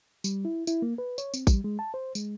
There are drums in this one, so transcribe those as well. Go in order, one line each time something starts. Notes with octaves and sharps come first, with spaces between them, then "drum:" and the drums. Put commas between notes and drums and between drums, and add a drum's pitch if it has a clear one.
G3, drum: tambourine
E4
E4, drum: tambourine
A#3
B4
C#5, drum: tambourine
C4, drum: tambourine
G3, drum: kick A1, tambourine
G#3
A5
C5
G#3, drum: tambourine